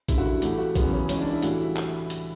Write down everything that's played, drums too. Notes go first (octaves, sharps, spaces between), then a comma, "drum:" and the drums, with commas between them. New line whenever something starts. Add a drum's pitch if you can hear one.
F#2 D3 G3 E4, drum: kick A1, hi-hat
F#4
E4
A2 E3 A3 G4, drum: hi-hat
F#4
F#2 C#3 E3 B3, drum: kick A1, hi-hat
C#4
C#2 C#3 E3 C#4, drum: hi-hat
D4
E4
A2 E3 G3 F#4, drum: hi-hat
E4
drum: clap
drum: hi-hat